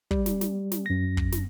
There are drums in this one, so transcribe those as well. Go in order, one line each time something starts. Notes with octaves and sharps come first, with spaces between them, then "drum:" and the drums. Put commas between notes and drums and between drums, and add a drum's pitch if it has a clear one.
G3, drum: kick
drum: snare
drum: snare
drum: snare
F#2 A#6
drum: kick
drum: snare